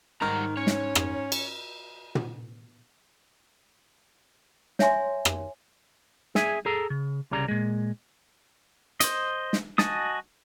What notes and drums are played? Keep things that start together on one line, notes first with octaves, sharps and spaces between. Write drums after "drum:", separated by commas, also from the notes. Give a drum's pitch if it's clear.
G#2 D#3 G3 F#5 A#5 F6
C#4 C#5
drum: snare
drum: rim click
drum: cymbal
drum: tom
C#5 E5 G#5 C6, drum: snare
drum: rim click
G#4 E5 G#5, drum: snare
G#4 A4 A#5
C#3
C2 C#3 G3 A#5
A#2 G#3
C5 D#5, drum: hi-hat
drum: snare
F#4 D#5 G#5 A5 D#6, drum: snare